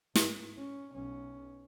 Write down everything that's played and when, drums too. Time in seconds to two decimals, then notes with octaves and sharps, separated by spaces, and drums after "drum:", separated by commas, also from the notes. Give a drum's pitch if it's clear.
0.15 G#2, drum: snare
0.58 C#4
0.93 B1 C#4